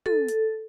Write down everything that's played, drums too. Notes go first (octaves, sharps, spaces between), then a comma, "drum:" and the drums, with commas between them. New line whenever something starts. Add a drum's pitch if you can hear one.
A4, drum: tom
drum: hi-hat